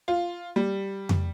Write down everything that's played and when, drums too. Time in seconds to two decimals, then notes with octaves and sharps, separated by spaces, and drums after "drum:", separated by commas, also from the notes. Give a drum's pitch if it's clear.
0.08 F4
0.56 G3
1.09 drum: tom F2